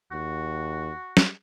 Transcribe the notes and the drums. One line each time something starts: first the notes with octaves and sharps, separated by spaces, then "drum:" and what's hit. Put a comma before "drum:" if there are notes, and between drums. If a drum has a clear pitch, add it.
D#2 F#4
drum: snare